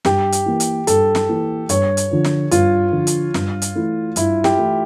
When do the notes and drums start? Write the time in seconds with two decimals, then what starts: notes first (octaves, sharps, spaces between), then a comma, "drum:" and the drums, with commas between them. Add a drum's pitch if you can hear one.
0.05 G2 G4, drum: snare
0.32 drum: hi-hat
0.46 E3 A#3
0.60 drum: hi-hat
0.87 G2 A4, drum: hi-hat
1.15 drum: snare
1.29 E3 A#3
1.69 G2 C#5, drum: hi-hat
1.97 drum: hi-hat
2.11 D3 F3
2.24 drum: snare
2.51 G2 F4, drum: hi-hat
2.92 D3 F3
3.07 drum: hi-hat
3.34 G2, drum: snare
3.62 drum: hi-hat
3.75 E3 A3 E4
4.16 G2 E4, drum: hi-hat
4.44 G4, drum: snare
4.58 E3 A3 E4